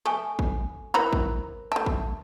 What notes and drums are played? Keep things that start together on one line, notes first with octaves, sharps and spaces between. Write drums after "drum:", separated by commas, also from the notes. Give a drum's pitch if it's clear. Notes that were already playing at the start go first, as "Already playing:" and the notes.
A3 A4 G#5 C#6
drum: kick
E3 A#4 C5 A#5 B5
drum: kick
A3 E5 A5
drum: kick